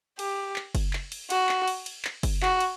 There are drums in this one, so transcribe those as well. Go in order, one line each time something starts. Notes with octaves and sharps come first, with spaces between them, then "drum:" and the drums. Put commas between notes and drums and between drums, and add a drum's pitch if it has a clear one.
G4, drum: cymbal
drum: clap
drum: kick F#1, cymbal
drum: clap
drum: cymbal
F#4, drum: cymbal
drum: clap
drum: cymbal
drum: cymbal
drum: clap
drum: kick F#1, cymbal
F#4, drum: clap
drum: cymbal